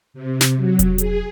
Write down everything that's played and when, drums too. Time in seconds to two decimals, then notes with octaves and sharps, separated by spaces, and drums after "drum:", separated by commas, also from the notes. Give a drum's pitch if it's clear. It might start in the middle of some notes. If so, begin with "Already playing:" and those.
0.14 C3
0.41 drum: snare
0.57 F#3
0.79 drum: kick E1, hi-hat
0.98 G#4, drum: hi-hat